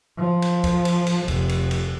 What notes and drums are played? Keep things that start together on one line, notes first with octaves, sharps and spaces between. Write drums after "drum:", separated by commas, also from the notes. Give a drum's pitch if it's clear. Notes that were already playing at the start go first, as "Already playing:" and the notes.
F3
drum: cymbal
drum: kick C#2, cymbal
drum: cymbal
drum: cymbal
F1, drum: kick C#2, cymbal
drum: cymbal
drum: cymbal